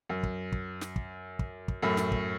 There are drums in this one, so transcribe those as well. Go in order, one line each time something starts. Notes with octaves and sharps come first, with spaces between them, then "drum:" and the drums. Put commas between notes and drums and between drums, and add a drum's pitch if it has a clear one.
F#2
drum: kick
drum: kick
drum: snare
drum: kick
drum: kick
drum: kick
F#2 A2
drum: snare
drum: kick